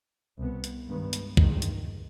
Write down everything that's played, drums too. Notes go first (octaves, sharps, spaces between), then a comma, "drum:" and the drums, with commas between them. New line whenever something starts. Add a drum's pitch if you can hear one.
C2 B2 B3
drum: hi-hat
G2 D#3 G#3 B3
drum: hi-hat
G2 D#3 G#3, drum: kick C2
drum: hi-hat